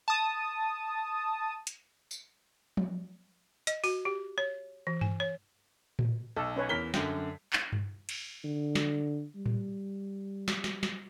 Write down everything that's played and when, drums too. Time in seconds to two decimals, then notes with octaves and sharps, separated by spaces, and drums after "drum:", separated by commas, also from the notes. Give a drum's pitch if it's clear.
0.08 A5 D#6
1.67 drum: hi-hat
2.11 drum: tambourine
2.77 drum: tom F3
3.67 D#5, drum: hi-hat
3.84 F#4, drum: open hi-hat
4.05 G4
4.38 C#5
4.87 E3
5.01 G#5, drum: tom G2
5.20 C#5
5.99 drum: tom A2
6.36 B1 A4
6.56 C#4 B4 C#5
6.69 E2 A#4 B6 G7
6.94 F#2 D3 G5, drum: snare
7.53 drum: clap
7.72 drum: tom G2
8.09 drum: cymbal
8.44 D3
8.75 drum: snare
9.35 G3
9.46 drum: tom A2
10.48 drum: snare
10.64 drum: snare
10.83 drum: snare